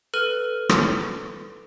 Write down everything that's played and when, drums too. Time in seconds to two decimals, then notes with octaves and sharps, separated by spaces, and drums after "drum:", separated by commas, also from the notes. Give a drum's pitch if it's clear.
0.14 A4 B4 F6 D#7
0.69 drum: rim click